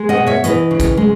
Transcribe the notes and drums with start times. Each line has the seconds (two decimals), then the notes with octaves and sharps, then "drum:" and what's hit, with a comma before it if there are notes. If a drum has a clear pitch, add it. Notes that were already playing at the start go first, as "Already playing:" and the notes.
Already playing: G#3
0.09 D#5 F#5
0.17 B2
0.27 C#5 E5
0.44 E3 B4 D#5, drum: hi-hat
0.71 C#3
0.80 drum: kick, hi-hat
0.97 G#3